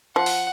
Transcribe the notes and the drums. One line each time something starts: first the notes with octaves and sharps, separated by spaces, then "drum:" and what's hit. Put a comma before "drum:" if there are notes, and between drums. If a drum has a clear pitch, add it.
F3 F#5
drum: open hi-hat